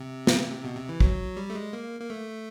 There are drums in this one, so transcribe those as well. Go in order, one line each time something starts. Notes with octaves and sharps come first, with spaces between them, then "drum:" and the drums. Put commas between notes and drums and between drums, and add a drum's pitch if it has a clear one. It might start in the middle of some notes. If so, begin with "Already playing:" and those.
Already playing: C3
drum: snare
B2
C3
E3
F#3, drum: kick
G3
A3
G#3
A#3
A#3
A3